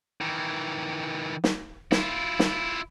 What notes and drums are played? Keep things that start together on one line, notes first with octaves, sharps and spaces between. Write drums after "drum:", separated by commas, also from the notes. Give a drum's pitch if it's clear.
D#3 E3
drum: snare
E4 F4, drum: snare
drum: snare